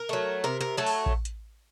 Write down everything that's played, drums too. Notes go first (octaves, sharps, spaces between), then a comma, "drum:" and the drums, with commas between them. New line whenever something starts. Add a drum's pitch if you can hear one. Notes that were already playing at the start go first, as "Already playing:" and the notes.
Already playing: A#4
F#3 A3
C3 A#4
A#4
F#3 A3 A4
drum: open hi-hat
drum: kick A1
drum: hi-hat